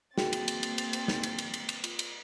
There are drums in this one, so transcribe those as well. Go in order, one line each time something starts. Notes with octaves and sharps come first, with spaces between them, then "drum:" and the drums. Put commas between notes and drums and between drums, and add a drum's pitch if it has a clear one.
A#3 C4 F#4 G#4 G5 A6, drum: snare
drum: cymbal
drum: cymbal
drum: cymbal
drum: cymbal
drum: cymbal
drum: snare
drum: cymbal
drum: cymbal
drum: cymbal
drum: cymbal
F4, drum: cymbal
drum: cymbal